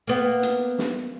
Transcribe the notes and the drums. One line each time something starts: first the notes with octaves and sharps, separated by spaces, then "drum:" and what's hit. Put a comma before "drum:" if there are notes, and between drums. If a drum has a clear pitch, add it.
A#3 B3
drum: hi-hat
drum: snare